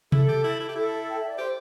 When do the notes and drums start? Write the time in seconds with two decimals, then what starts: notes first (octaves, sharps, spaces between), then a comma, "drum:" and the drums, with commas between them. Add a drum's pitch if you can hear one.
0.12 E4 A4, drum: tom C3
0.28 G4
0.44 E4
0.60 E4
0.69 G4
0.75 E4 A4
1.09 G5
1.18 E5
1.29 D5
1.38 G4 C5